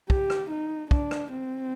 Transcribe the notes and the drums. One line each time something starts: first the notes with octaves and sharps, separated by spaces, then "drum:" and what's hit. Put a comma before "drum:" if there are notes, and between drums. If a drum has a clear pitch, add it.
G4, drum: kick
drum: rim click
D#4
D4, drum: kick
drum: rim click
C4